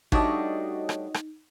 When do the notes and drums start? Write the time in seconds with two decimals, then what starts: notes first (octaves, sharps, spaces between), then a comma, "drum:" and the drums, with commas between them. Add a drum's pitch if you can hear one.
0.12 G3 A3 D4 D#4 F#4 C#5 D#5, drum: kick G#1
0.89 drum: rim click
1.14 drum: rim click